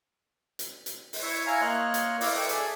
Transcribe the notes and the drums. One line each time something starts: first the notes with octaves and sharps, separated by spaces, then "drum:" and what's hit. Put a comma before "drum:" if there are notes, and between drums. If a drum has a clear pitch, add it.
drum: hi-hat
drum: hi-hat
drum: open hi-hat
E4 C#5 E5 C#6
E4 F5 G#5 A#5 C#6
A#3 C#5 D#5 C6 F6 F#6
drum: hi-hat
E4 D5 D#5 F5, drum: open hi-hat
A4 B4 G5 B5 C#6 D6
G#4 A4 D5 E5, drum: hi-hat